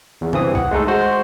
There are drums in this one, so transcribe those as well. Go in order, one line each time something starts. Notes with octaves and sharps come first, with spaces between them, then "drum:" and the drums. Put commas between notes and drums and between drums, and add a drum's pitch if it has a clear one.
E2
G2 E3 C4 D#6, drum: tom C3
F#5, drum: kick C2
G#3 A3 D#4 A4
G#3 F#4 C5